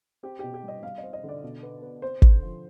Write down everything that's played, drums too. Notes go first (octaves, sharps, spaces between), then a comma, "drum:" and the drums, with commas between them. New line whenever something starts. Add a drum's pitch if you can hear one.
C4 G4
B2 G4
G4
G3 D#5
G3 F5
D#5
C4
D#5
D3
D5
B2
B3
B3
C4 C5
D3, drum: kick
F3